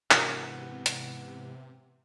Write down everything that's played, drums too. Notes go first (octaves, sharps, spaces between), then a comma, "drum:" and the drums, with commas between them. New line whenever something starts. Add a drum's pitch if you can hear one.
G#2 C3 E3 B3 D4 F#4 A#4, drum: clap
drum: hi-hat